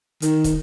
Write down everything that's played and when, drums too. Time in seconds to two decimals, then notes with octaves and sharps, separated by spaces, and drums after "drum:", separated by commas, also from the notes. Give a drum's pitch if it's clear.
0.22 D#3, drum: hi-hat
0.44 drum: kick, hi-hat